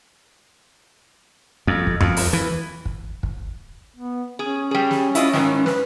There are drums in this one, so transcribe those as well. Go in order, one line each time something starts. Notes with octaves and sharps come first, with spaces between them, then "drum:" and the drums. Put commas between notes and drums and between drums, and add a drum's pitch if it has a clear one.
F2
drum: kick
F2, drum: tom F2
drum: open hi-hat
E3
drum: kick
drum: kick
B3
C#4 G#4
G3 G#4
drum: snare
E4 F4 D#5, drum: hi-hat
G#2 D#3 E3, drum: snare
B4, drum: snare